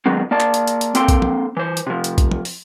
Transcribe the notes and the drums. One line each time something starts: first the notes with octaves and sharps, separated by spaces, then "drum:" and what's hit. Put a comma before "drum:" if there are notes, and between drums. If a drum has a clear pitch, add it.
D#3 F#3 G#3 B3 C4
A#3 D5 A5
drum: clap
drum: hi-hat
drum: hi-hat
drum: hi-hat
A#3 C4 A4 G5 C6, drum: hi-hat
drum: kick, hi-hat
drum: tom F3
E3 C5
drum: hi-hat
C3 F3
drum: hi-hat
drum: kick, hi-hat
drum: tom F3
drum: open hi-hat